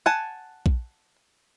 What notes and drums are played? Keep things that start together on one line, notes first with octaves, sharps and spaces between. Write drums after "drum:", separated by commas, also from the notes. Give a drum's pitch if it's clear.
F#5 G#5 A5
drum: kick A#1